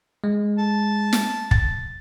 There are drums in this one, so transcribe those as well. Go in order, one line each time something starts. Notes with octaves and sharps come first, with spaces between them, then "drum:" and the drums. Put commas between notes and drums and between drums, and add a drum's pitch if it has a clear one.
G#3
A5
drum: snare
A6, drum: kick